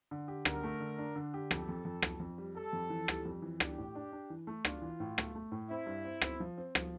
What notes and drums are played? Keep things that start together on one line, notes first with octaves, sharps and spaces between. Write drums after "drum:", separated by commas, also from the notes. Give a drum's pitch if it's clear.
D3
G4
D3 A#4, drum: rim click
A3
D3
D4
D3
G4
F2 A4, drum: rim click
F2
F2
F2, drum: rim click
F2
G3
G3 A4
F2
E3
G3, drum: rim click
F2
E3
D4 G4, drum: rim click
A2
D4
D4
E3
A3
D4 F4, drum: rim click
E3
A2
A3, drum: rim click
A3
A2
C4 E4
G2
C4
C4, drum: rim click
F3
C4
F3, drum: rim click